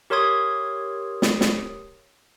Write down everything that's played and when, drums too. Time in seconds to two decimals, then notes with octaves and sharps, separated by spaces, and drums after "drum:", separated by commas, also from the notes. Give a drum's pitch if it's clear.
0.10 G4 A#4 C#5 C6 D#6 G#6
1.22 drum: snare
1.41 drum: snare